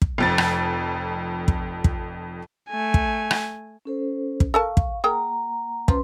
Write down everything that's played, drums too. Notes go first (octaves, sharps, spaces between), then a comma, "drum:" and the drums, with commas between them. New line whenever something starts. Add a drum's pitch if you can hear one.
drum: kick
F1 F2 A6
drum: rim click
drum: kick
drum: kick
A3 G#5
drum: kick
drum: rim click
C#4 A4 C5
drum: kick
A4 A#4 F5 A5 C#6
drum: kick
A#3 G#4 A#4 F#5 G5 A#5
F3 C#4 B4 C6, drum: kick